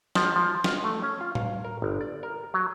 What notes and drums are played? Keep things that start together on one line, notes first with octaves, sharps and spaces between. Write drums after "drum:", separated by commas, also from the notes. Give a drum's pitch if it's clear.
F3, drum: snare
F3
F4, drum: snare
A3
C#4
F4
F5, drum: tom A2
A#4
G1
D5
A#4
F#3